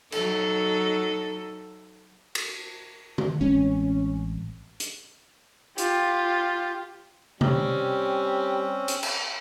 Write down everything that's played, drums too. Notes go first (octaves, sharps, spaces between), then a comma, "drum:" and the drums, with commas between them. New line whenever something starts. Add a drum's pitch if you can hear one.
F#3 D#4 A4, drum: cymbal
drum: cymbal
drum: tom
A1 G#3 C4 C#4
drum: hi-hat
F4 G4, drum: hi-hat
G3 C4 C#4, drum: tom C3
drum: hi-hat
drum: cymbal